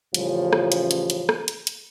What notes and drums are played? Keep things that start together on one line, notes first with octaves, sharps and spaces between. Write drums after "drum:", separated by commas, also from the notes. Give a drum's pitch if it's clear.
A2 C#3 E3 F3 G3 C#4, drum: hi-hat
drum: rim click
drum: hi-hat
drum: hi-hat
drum: hi-hat
drum: rim click
drum: hi-hat
drum: hi-hat